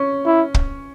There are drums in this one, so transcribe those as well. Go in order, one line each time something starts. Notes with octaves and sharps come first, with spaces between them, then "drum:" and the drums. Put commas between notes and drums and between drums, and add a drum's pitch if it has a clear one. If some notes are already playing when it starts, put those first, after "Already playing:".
Already playing: C#4
E4
drum: kick